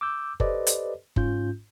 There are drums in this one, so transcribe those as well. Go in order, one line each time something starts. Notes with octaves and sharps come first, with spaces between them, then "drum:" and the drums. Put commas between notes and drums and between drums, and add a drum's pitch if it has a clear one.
D6 E6 G6
G4 A4 B4 C5 D5 D#5, drum: kick F#1
drum: hi-hat
G#2 C#4 F4 G6, drum: kick F#1